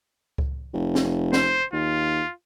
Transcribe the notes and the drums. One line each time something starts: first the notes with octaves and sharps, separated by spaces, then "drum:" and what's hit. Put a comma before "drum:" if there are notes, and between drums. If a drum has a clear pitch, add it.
drum: kick C#2
F1
drum: snare
C5, drum: snare
D#2 F4